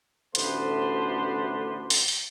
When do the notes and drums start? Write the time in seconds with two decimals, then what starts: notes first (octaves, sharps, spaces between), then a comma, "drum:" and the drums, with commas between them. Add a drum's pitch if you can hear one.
0.35 A1 D2 A3 B3 D4 C5, drum: hi-hat
1.90 drum: open hi-hat
2.08 drum: open hi-hat